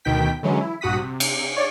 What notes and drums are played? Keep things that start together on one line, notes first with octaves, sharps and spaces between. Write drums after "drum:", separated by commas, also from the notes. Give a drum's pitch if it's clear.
D2 B2 D#3 G5 B6
D3 E3 F#3 G#3 C#4
E4
A#1 G2 F#4 F#5 D#6 B6
C3
drum: cymbal
C#5 D5